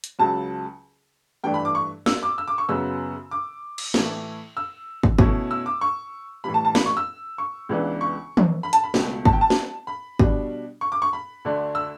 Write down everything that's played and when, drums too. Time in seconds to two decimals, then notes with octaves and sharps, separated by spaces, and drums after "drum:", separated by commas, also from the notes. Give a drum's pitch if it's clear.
0.04 drum: hi-hat
0.19 C#2 C#3 F#3 A5
1.44 G2 E3 A3 D4 G5
1.54 B5
1.65 D6
1.75 C#6
2.06 E6, drum: snare
2.23 D6
2.38 E6
2.48 D6
2.58 C#6
2.68 F#2 C#3 F#3 B3 E6
3.31 D6
3.78 drum: cymbal
3.94 A2 E3 A3 E4, drum: snare
4.57 E6
5.03 drum: kick
5.19 B2 A3 C#4 E4, drum: kick
5.51 E6
5.66 D6
5.81 C#6
6.44 A2 E3 G3 B5
6.54 A5
6.65 A5
6.75 B5, drum: snare
6.86 C#6
6.97 E6
7.38 C#6
7.69 C#2 C#3 E3 B3 D4
8.01 C#6
8.37 drum: tom
8.63 B5
8.73 A5, drum: hi-hat
8.84 B5
8.94 C#2 B2 A3, drum: snare
9.25 A5, drum: kick
9.33 G5
9.41 A5
9.50 drum: snare
9.87 B5
10.19 B2 G3 D4, drum: kick
10.81 C#6
10.92 D6
11.02 C#6
11.13 B5
11.45 D2 D3 A3 D4
11.75 E6